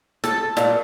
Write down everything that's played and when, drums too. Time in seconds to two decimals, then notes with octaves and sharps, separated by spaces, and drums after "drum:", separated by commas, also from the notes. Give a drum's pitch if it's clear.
0.24 A4, drum: snare
0.57 A#2, drum: snare